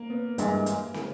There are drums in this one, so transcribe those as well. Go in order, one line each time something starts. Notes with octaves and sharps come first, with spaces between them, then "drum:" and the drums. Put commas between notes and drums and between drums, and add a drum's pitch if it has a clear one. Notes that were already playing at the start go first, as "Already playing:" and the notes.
Already playing: A#3
B3
G2 E3 G#3, drum: hi-hat
drum: hi-hat
drum: snare